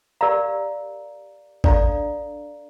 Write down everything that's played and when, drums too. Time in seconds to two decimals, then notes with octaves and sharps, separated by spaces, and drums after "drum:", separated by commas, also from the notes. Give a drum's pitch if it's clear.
0.21 G4 A#4 D5 F5 A#5
1.64 D4 A4 D5 F5 A#5, drum: kick G#1